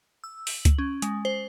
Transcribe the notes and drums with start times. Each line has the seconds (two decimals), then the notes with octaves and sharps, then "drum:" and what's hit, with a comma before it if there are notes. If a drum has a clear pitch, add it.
0.24 E6
0.47 F#7, drum: open hi-hat
0.65 drum: kick C#2, hi-hat
0.78 C#4
1.02 G#3, drum: hi-hat
1.25 C5